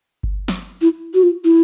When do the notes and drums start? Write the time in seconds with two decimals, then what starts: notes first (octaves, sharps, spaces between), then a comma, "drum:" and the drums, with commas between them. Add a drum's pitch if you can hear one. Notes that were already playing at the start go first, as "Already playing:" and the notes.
0.23 drum: kick G1
0.48 drum: snare
0.81 E4
1.14 F#4
1.23 F4
1.44 E4